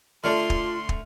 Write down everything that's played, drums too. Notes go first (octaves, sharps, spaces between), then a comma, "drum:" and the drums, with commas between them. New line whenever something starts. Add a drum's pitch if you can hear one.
D3 A3 F4 A4 D5 C6 F6
drum: kick
drum: kick